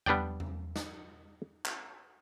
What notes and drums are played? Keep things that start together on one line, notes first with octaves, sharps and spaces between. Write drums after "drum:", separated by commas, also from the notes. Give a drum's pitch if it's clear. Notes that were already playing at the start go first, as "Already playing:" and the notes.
G3 B3 D4 D5 G5, drum: tom E2
drum: tom E2
drum: snare
drum: clap